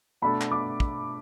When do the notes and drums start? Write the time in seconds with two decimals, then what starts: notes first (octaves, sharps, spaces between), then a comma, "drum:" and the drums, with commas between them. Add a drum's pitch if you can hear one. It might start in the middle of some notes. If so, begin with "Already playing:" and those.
0.22 B2 A3 D4 A4 B5
0.41 drum: clap
0.52 D6
0.80 drum: kick